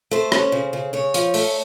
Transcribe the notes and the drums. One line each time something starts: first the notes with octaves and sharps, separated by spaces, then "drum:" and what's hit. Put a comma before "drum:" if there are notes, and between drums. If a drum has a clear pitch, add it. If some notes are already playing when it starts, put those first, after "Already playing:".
A3 C5
C#4, drum: rim click
C#3
C#3
C#3 C#5
F3, drum: hi-hat
A3, drum: open hi-hat